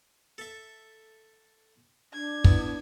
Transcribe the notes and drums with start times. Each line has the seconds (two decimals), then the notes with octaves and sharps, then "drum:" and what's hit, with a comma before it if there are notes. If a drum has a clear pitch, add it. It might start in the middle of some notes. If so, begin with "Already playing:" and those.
0.38 A4 E5
2.13 D4 G#6
2.44 B3 E4, drum: kick